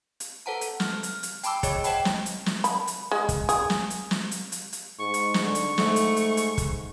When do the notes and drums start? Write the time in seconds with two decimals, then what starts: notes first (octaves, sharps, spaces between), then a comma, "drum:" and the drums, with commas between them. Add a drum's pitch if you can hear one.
0.20 drum: hi-hat
0.46 A4 B4 C5 F#5 A5 A#5
0.61 drum: hi-hat
0.80 F6, drum: snare
1.03 F6, drum: hi-hat
1.23 drum: hi-hat
1.44 G5 A5 B5 D6 E6, drum: hi-hat
1.63 G#4 C#5 D#5 D6, drum: kick, hi-hat
1.84 C5 D#5 F#5 G5 A5 B5, drum: hi-hat
2.05 drum: snare
2.26 drum: hi-hat
2.46 drum: snare
2.64 B5, drum: hi-hat
2.87 drum: hi-hat
3.11 G#3
3.29 drum: kick, hi-hat
3.49 G#4, drum: hi-hat
3.70 drum: snare
3.90 drum: hi-hat
4.11 drum: snare
4.31 drum: hi-hat
4.52 drum: hi-hat
4.73 drum: hi-hat
4.99 G#2 C#6
5.14 drum: hi-hat
5.34 drum: snare
5.45 D3 C#6
5.55 drum: hi-hat
5.78 G#2 A3, drum: snare
5.96 drum: hi-hat
6.17 drum: hi-hat
6.37 drum: hi-hat
6.58 drum: kick, hi-hat